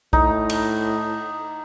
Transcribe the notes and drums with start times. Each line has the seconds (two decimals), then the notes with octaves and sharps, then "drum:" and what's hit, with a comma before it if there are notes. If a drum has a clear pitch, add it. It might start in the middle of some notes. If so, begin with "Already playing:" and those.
0.13 A2 D#4, drum: kick
0.50 drum: cymbal